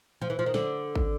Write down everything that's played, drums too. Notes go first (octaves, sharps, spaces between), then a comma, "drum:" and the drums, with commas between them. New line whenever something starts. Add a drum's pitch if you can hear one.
F3
E3
F3
D#3
D3, drum: snare
drum: kick